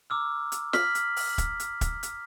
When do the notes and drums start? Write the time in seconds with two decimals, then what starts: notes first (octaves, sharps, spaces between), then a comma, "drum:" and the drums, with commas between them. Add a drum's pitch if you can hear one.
0.10 A#5 D6 E6 F6
0.52 drum: hi-hat
0.73 F6 B6 F#7, drum: snare
0.95 drum: hi-hat
1.16 drum: open hi-hat
1.38 drum: kick, hi-hat
1.60 drum: hi-hat
1.81 drum: kick, hi-hat
2.03 drum: hi-hat